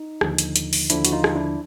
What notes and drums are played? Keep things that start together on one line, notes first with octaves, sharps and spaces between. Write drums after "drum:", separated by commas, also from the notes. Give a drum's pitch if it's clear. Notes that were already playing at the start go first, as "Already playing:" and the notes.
Already playing: D#4
D#2 D3 F3, drum: rim click
drum: hi-hat
drum: hi-hat
drum: open hi-hat
D#2 D3 F3 D4 E4, drum: hi-hat
F#4, drum: hi-hat
D#4 F4
drum: rim click
D4 E4